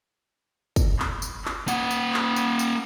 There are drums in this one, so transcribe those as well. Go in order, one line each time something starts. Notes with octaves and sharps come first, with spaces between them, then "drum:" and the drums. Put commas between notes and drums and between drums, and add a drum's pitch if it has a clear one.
drum: kick, tambourine
drum: clap
drum: tambourine
drum: clap
A#3 F#5, drum: tambourine
drum: tambourine
drum: clap
drum: tambourine
drum: tambourine